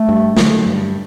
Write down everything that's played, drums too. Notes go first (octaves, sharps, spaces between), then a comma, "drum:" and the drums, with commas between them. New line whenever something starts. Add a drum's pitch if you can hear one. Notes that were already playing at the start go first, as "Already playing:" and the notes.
Already playing: A3
G2
D3 F#3 A3, drum: snare
G2